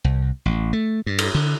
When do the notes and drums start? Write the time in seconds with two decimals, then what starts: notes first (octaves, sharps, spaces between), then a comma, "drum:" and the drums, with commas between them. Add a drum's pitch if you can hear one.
0.04 C2
0.46 A1
0.73 A3
1.06 G2
1.18 drum: cymbal
1.35 D3